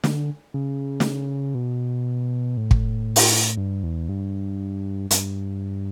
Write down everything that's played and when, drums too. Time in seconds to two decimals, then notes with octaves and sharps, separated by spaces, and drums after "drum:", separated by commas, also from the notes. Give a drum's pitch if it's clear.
0.04 D3, drum: snare
0.54 C#3
1.00 drum: snare
1.54 B2
2.57 A2
2.71 drum: kick
3.16 drum: open hi-hat
3.57 G2
3.83 E2
4.09 G2
5.11 G2, drum: hi-hat